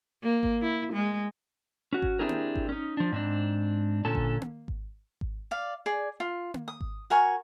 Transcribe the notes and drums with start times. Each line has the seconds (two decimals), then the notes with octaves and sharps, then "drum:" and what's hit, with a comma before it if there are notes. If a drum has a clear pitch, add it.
0.23 A#3
0.43 drum: kick G#1
0.62 E4
0.93 G#3
1.93 C#4 F#4
2.02 drum: kick G#1
2.19 C4 D4 E4 G4 G#4 A#4
2.29 drum: tom A#3
2.56 drum: kick G#1
2.69 C#4 D#4
2.97 F3 D4
3.12 G#2 C4 D4
4.05 A#2 D3 C#4 A4 A5
4.15 drum: kick G#1
4.41 drum: tom A#3
4.68 drum: kick G#1
5.21 drum: kick G#1
5.51 D5 F5
5.86 G#4 D5
6.20 F4
6.54 drum: tom A#3
6.68 D#6
6.81 drum: kick G#1
7.10 F#4 A#4 G#5 C#6